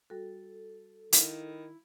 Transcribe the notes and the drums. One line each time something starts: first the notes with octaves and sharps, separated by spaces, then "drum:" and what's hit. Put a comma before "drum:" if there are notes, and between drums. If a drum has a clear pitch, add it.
G3 F#4 A4
D#3 E4 F5, drum: hi-hat